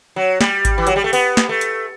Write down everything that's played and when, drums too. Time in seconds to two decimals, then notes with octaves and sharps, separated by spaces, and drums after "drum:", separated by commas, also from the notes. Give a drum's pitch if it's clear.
0.16 F#3
0.41 G3, drum: snare
0.65 drum: kick G#1, hi-hat
0.78 E3
0.87 F#3, drum: hi-hat
0.96 G3
1.04 A3
1.13 B3, drum: open hi-hat
1.37 drum: snare
1.49 A3
1.61 drum: hi-hat